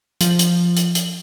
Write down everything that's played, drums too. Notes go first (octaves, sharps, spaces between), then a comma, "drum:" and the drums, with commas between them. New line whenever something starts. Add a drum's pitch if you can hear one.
F3, drum: hi-hat
drum: hi-hat
drum: hi-hat
drum: hi-hat